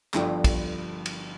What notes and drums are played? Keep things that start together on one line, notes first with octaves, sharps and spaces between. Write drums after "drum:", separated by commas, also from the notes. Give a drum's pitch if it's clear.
G1 G2 D3 F3 G5, drum: clap
drum: kick, cymbal
drum: cymbal